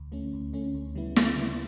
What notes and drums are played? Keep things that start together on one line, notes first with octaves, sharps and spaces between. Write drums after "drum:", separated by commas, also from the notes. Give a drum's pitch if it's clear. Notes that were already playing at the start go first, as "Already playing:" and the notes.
Already playing: D2
D3 A3 C#4
D2
D3 A3 C#4
D2
C#3 G3 B3 E4
D2, drum: snare
C#3 G3 B3 E4